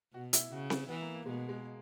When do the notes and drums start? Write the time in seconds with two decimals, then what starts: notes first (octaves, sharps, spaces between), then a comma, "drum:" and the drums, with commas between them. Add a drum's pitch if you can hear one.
0.14 B2 F#4
0.33 E4, drum: hi-hat
0.52 C#3 F#4
0.70 drum: snare C4
0.89 E3 B3
1.01 A#3
1.14 A#3
1.26 B2 G#3
1.49 G#3